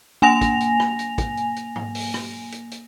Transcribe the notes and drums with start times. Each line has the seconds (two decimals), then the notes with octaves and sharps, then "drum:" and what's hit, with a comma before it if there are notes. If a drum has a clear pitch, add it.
0.22 A#3 G#5 A#6 F7, drum: tom
0.41 drum: kick, hi-hat
0.61 drum: hi-hat
0.80 drum: rim click
0.99 drum: hi-hat
1.18 drum: kick, hi-hat
1.37 drum: hi-hat
1.56 drum: hi-hat
1.76 drum: tom G#2
1.95 drum: open hi-hat
2.14 drum: rim click
2.52 drum: hi-hat
2.71 drum: hi-hat